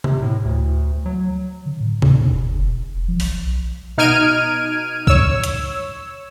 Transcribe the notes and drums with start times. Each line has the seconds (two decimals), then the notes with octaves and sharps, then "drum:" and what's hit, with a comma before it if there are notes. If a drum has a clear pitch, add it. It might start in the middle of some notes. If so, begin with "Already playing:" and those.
0.04 C3, drum: tom C3
0.23 A2
0.45 D2
1.06 F#3
1.66 D3
1.80 A2
2.02 D#2, drum: tom C3
2.20 B2
2.33 F#1
2.59 F1
3.08 F3
3.20 B1, drum: open hi-hat
3.98 B2 D#4 F6 G#6 D7 D#7
5.07 C#5 E6, drum: kick
5.44 drum: hi-hat